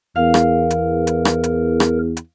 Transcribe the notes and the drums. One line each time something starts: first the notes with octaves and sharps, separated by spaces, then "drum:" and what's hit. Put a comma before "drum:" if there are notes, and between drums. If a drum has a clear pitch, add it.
E2 A#4 F5
drum: rim click
drum: hi-hat
drum: hi-hat
drum: rim click
drum: hi-hat
drum: rim click
drum: hi-hat